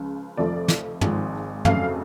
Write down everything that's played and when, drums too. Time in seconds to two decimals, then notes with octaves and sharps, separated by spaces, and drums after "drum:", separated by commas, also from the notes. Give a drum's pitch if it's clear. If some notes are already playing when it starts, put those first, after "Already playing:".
Already playing: C#2 C#3 F3
0.37 F1 F2 F3 A3 D5
0.68 drum: snare
1.01 G#1 G#2 F3 G#3, drum: tom
1.65 F1 F2 C#3 F#3 A3 F5, drum: tom